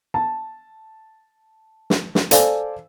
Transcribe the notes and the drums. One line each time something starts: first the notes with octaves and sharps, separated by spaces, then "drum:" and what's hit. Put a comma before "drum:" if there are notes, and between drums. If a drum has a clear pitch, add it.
A5
drum: snare
drum: snare
A4 C5 D5 F5 G#5, drum: hi-hat